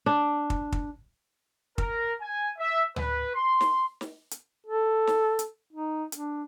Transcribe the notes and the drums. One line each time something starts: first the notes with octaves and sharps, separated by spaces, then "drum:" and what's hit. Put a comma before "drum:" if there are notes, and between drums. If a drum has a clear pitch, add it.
D4
drum: kick
drum: kick
A#4, drum: kick
G#5
E5
B4, drum: tom D2
C6
drum: snare
drum: snare
drum: hi-hat
A4
drum: snare
drum: hi-hat
D#4
D4, drum: hi-hat